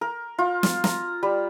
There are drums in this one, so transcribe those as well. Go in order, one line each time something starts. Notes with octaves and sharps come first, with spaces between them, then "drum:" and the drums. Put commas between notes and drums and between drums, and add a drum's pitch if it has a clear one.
A#4
F4
drum: snare
A#5, drum: snare
G3